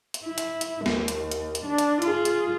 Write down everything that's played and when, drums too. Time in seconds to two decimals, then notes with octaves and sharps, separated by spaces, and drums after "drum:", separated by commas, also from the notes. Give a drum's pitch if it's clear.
0.14 drum: hi-hat
0.25 E4
0.38 drum: hi-hat
0.61 drum: hi-hat
0.86 D#2, drum: snare
1.08 drum: hi-hat
1.32 drum: hi-hat
1.55 drum: hi-hat
1.65 D4
1.78 drum: hi-hat
2.02 F4 G#4, drum: hi-hat
2.25 drum: hi-hat